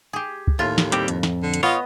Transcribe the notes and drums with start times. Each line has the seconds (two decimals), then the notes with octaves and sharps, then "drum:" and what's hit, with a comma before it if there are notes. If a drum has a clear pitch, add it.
0.13 G4 G#4
0.48 drum: kick
0.59 D#2 A2 F4
0.78 drum: snare
0.92 G3 C4 G4, drum: hi-hat
1.08 F2, drum: hi-hat
1.23 drum: snare
1.43 D3
1.54 drum: hi-hat
1.63 B3 F4 C#5 D#5